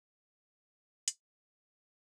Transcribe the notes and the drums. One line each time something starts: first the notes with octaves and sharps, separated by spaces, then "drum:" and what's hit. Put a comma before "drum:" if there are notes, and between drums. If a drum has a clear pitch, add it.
A3
D3 G3
C3
A#2, drum: hi-hat
A2 G3
C3
E3